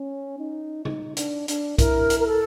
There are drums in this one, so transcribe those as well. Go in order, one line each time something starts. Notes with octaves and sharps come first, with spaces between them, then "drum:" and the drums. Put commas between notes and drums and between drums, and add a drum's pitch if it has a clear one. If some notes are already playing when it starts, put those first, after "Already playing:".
Already playing: C#4
D#4
D#4, drum: tom C#3
D4, drum: hi-hat
D4, drum: hi-hat
E4 A#4, drum: kick, hi-hat
drum: hi-hat
A#4
A4